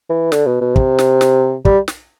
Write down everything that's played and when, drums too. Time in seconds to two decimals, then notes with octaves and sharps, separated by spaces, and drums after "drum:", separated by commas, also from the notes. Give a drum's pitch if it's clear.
0.10 E3
0.32 D3, drum: snare
0.47 B2
0.61 B2
0.76 C3, drum: kick
0.99 drum: snare
1.21 drum: snare
1.65 G3, drum: kick
1.88 drum: snare